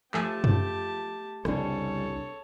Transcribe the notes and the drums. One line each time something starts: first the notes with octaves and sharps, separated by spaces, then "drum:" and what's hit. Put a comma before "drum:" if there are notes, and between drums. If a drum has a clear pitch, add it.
F3 A3 G4 G#5 A5, drum: clap
drum: tom F#2
C2 F2 C#3 G3 D4 A4 C#5, drum: rim click